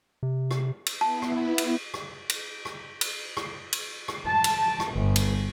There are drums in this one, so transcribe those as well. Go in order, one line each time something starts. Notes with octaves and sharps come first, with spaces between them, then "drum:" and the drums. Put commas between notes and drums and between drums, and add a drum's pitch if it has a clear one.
C3
drum: rim click
drum: cymbal
B3 E4 A5
drum: rim click
drum: cymbal
drum: rim click
drum: cymbal
drum: rim click
drum: cymbal
drum: rim click
drum: cymbal
drum: rim click
A5
drum: cymbal
drum: rim click
G1
drum: cymbal